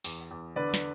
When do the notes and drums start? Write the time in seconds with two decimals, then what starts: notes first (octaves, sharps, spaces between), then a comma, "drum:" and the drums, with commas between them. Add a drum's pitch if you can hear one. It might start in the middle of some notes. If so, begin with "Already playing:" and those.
0.04 E2, drum: open hi-hat
0.31 E2
0.56 D3 B4 D5
0.74 drum: snare